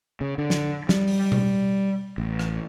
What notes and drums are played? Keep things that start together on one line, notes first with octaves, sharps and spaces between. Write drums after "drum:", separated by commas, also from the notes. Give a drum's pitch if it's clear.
C#3
D3
drum: snare
G3, drum: snare
drum: open hi-hat
drum: tom B2
A1
drum: rim click